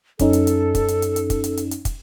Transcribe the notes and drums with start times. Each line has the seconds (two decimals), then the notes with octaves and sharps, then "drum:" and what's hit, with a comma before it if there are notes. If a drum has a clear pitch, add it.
0.19 F#2 C#4 D#4 A4, drum: kick, hi-hat
0.33 drum: hi-hat
0.47 drum: hi-hat
0.75 drum: kick, hi-hat
0.88 drum: hi-hat
1.02 drum: hi-hat
1.16 drum: hi-hat
1.30 drum: kick, hi-hat
1.44 drum: hi-hat
1.57 drum: hi-hat
1.71 drum: hi-hat
1.85 drum: kick, hi-hat